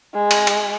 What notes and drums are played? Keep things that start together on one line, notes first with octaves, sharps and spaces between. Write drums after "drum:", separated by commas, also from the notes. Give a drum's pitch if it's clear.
G#3
drum: cymbal
drum: cymbal